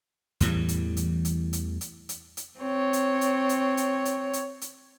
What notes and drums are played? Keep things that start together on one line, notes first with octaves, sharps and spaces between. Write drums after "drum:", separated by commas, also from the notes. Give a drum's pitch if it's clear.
E2 A2 E3 G3, drum: hi-hat
drum: hi-hat
drum: hi-hat
drum: hi-hat
drum: hi-hat
drum: hi-hat
drum: hi-hat
drum: hi-hat
C4 C#5
drum: hi-hat
drum: hi-hat
drum: hi-hat
drum: hi-hat
drum: hi-hat
drum: hi-hat
drum: hi-hat